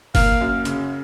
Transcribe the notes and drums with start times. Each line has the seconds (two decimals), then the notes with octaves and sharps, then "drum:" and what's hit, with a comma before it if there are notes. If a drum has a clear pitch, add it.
0.15 A#3 F5, drum: kick G1, open hi-hat
0.41 F#2
0.65 C#3, drum: hi-hat